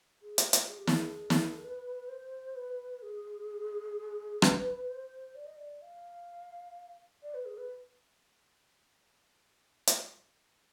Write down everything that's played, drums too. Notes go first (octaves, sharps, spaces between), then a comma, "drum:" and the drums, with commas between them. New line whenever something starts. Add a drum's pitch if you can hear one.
G#4
G4, drum: hi-hat
F4, drum: hi-hat
G#4
G4
G#4, drum: snare
drum: snare
B4
C5
B4
G#4
B4, drum: rim click
C5
D5
D#5
D5
F5
D5
B4
G#4
B4
drum: hi-hat